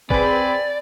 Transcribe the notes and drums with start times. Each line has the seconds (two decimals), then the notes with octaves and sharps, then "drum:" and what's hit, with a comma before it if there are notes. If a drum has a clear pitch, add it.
0.10 C4 G#4 B4 D5 G#5 B5, drum: kick